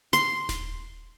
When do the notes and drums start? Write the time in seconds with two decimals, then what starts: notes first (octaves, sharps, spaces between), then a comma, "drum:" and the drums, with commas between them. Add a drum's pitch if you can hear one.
0.13 C6, drum: hi-hat
0.49 drum: snare D#1